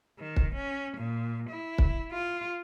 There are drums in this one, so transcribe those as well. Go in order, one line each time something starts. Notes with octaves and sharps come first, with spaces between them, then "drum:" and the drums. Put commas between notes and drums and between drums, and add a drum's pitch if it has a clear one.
D#3
drum: kick
C#4
A#2
E4
drum: kick
F4